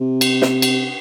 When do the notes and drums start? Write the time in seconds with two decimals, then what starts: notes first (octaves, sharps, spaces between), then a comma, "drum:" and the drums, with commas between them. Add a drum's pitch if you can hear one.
0.01 C3
0.21 drum: cymbal
0.42 drum: snare
0.62 drum: cymbal